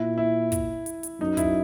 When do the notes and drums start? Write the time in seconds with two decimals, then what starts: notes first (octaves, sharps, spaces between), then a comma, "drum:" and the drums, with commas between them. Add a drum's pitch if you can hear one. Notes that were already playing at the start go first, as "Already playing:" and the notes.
Already playing: A#2 E4
0.18 E4
0.52 drum: kick, hi-hat
0.86 drum: hi-hat
1.03 drum: hi-hat
1.20 F#2 D#4
1.37 E4, drum: kick, hi-hat